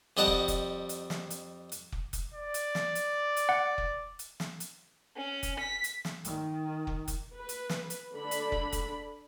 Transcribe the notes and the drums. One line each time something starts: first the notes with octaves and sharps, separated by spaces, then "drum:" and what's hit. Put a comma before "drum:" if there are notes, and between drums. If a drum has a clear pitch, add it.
F2 G3 D#5 F#5 A5
drum: kick
drum: kick, hi-hat
drum: hi-hat
drum: snare
drum: hi-hat
drum: hi-hat
drum: kick
drum: kick, hi-hat
D5
drum: hi-hat
drum: snare
drum: hi-hat
drum: hi-hat
F#5
drum: kick
drum: hi-hat
drum: snare
drum: hi-hat
C#4
drum: kick, hi-hat
B6
drum: hi-hat
drum: snare
D#3, drum: hi-hat
drum: kick
drum: kick, hi-hat
B4
drum: hi-hat
drum: snare
drum: hi-hat
D3 D4 B5
drum: hi-hat
drum: kick
drum: kick, hi-hat